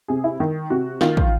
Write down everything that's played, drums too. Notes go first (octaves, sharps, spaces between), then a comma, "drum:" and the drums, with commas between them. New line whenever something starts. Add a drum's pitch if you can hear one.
C3 G#4
E4
D#3
C3 F#4
D#3 F4, drum: snare
drum: kick